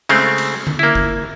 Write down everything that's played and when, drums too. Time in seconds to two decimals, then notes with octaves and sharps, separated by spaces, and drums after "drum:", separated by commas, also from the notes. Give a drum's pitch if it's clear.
0.09 C#3 G#3 A3 C4, drum: cymbal
0.38 drum: cymbal
0.67 drum: tom D3
0.79 A#3 E4
0.95 drum: kick